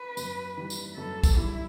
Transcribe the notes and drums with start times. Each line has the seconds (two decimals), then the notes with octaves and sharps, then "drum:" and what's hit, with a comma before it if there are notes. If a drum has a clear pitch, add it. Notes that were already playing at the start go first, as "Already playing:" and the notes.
Already playing: B4
0.17 F#2, drum: tambourine
0.57 E3 G3
0.70 drum: tambourine
0.97 F#2 A4
1.23 drum: kick, tambourine
1.36 E3 G3 E4